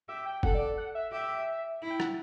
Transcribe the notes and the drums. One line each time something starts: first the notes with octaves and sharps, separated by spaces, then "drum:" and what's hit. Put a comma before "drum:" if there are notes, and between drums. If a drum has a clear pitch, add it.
G4 E5
G5
A4 F#5, drum: kick F#1
D5
F#5
E5
G4 E5
E4
G5
F#5, drum: rim click